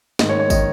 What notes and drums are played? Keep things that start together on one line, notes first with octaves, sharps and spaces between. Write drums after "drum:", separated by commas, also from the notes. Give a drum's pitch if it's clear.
G#2 D#3 D#5, drum: snare
C#5
C#5
D#3 D#5, drum: kick, tambourine